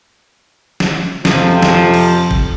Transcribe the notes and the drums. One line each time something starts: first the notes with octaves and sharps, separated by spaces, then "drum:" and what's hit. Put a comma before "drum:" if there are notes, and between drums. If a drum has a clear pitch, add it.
drum: snare
F2 C3 F3, drum: snare
drum: snare
drum: cymbal
drum: kick F#1